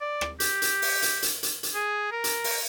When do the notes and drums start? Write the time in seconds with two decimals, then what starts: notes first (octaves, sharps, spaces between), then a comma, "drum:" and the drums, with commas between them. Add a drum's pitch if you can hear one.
0.01 D5
0.21 drum: rim click
0.40 G4, drum: hi-hat
0.62 drum: hi-hat
0.82 drum: open hi-hat
1.02 drum: hi-hat
1.22 drum: hi-hat
1.43 drum: hi-hat
1.63 drum: hi-hat
1.74 G#4
2.12 A#4
2.24 drum: hi-hat
2.44 drum: open hi-hat